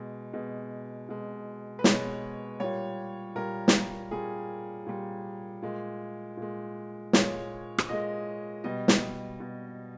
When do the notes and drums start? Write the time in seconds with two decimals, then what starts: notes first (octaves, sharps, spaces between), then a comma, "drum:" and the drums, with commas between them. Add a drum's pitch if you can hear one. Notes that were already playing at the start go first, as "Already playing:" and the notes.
Already playing: B2 G#3
0.33 B2 G#3
1.09 B2 G#3
1.79 B4
1.84 B2 G#3 C#5, drum: snare
2.60 A#2 G3 C#5
3.35 A#2 G3 A#4
3.68 drum: snare
4.11 A#2 G3 G#4
4.86 A#2 G3
5.62 A#2 G#3
6.37 A#2 G#3
7.13 A#2 G#3 C#5, drum: snare
7.78 drum: rim click
7.89 A#2 G#3 D#5
8.64 B2 G3 D#5
8.88 drum: snare
9.40 B2